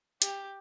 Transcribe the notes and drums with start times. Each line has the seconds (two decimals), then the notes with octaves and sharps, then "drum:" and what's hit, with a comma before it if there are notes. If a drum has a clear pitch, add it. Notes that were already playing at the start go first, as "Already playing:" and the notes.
0.22 G4, drum: hi-hat